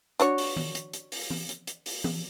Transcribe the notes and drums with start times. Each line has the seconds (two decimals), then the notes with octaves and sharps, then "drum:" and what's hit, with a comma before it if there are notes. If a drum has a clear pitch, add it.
0.20 D4 F#4 C#5, drum: hi-hat
0.38 drum: open hi-hat
0.57 drum: tom D#3
0.75 drum: hi-hat
0.93 drum: hi-hat
1.12 drum: open hi-hat
1.30 drum: tom E3
1.49 drum: hi-hat
1.67 drum: hi-hat
1.86 drum: open hi-hat
2.04 drum: tom E3